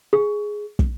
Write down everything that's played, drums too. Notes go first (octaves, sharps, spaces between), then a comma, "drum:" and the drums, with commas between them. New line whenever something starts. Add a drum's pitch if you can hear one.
G#4
drum: kick